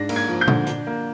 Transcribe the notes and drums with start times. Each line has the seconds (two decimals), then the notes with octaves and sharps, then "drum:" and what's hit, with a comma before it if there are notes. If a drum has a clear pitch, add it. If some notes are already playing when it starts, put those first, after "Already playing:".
Already playing: G#2 D4 A#6
0.09 A#3, drum: cymbal
0.16 G#6
0.29 F3
0.41 G6
0.48 D3, drum: tom A#2
0.67 D4, drum: hi-hat
0.87 A#3